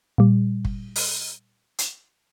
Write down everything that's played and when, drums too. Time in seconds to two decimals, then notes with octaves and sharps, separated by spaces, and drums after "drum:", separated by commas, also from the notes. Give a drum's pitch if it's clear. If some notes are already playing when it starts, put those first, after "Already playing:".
0.18 A#2 G3
0.65 drum: kick
0.96 drum: open hi-hat
1.78 drum: hi-hat